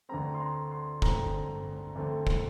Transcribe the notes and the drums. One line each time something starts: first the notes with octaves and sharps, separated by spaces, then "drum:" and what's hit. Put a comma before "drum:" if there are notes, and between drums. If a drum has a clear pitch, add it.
D2 D3 A3 C4 A#5
C6
A#5
C6
D2 D3 A3 C4 A#5, drum: kick
D2 D3 A3 C4
drum: kick